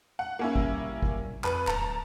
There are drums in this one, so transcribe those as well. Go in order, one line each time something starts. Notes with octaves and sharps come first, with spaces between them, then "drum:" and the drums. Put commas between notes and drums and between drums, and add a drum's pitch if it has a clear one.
F#5
A#3 C#4 E4
G3, drum: kick
drum: kick
F2 B4, drum: clap
D1 A5 A#5, drum: clap